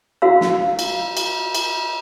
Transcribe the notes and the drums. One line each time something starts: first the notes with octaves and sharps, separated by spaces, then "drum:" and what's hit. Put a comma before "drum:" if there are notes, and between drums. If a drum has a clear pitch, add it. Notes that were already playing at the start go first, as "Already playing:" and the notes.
E4 F#4 F5 E6
drum: snare
drum: cymbal
drum: cymbal
drum: cymbal